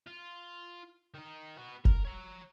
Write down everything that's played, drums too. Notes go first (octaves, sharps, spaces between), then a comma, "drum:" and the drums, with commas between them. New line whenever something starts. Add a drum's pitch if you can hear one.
F4
D#3 D#4
B3 F#4
A#4, drum: kick F#1
C#5 A#5